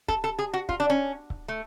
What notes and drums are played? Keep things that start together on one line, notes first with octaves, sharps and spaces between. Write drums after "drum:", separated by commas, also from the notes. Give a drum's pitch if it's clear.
A4, drum: kick C#1
A4
G#4
F#4
F4, drum: kick C#1
D4
C#4
drum: kick C#1
A3